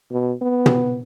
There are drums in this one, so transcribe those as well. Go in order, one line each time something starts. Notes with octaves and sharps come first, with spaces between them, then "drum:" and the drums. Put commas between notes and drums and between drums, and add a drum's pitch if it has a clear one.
B2
B3
drum: tom